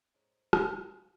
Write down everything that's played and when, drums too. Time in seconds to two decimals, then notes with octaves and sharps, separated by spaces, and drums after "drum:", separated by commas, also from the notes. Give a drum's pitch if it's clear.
0.14 A2 G#3 C#4 A#4 C5
0.53 F4 F5 F#5 C6, drum: rim click